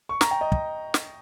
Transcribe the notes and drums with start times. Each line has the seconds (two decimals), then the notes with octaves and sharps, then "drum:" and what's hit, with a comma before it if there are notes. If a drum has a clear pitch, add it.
0.09 C#6
0.21 A#5, drum: snare
0.31 G5
0.41 D#5
0.52 drum: kick
0.94 drum: snare